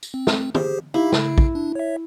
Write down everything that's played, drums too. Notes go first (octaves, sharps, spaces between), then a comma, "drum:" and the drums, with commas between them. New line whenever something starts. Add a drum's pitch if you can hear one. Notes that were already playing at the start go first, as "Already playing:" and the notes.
drum: tambourine
C4
drum: snare
G4 G#4 C5, drum: tom
D#4 E4 G4 F5
C#3, drum: snare
drum: kick
D4
C#5 E5